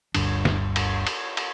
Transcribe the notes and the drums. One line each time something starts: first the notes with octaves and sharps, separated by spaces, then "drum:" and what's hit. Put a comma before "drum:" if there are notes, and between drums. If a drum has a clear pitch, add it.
G1 D2 G2 D4, drum: cymbal
drum: snare
drum: cymbal
drum: cymbal
drum: cymbal